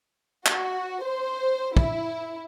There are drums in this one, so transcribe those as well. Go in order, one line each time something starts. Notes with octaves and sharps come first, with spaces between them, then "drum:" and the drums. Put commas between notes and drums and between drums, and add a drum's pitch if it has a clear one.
F#4, drum: clap
C5
E4, drum: kick